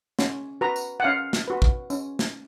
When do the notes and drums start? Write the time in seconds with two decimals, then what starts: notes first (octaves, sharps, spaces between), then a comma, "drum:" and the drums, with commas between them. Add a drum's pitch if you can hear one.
0.19 C#4, drum: snare
0.61 F#4 B4 A#5
0.76 drum: tambourine
1.00 F#5
1.04 C#4 F5
1.33 drum: snare
1.48 F#4 B4
1.62 drum: kick
1.90 C#4, drum: tambourine
2.19 drum: snare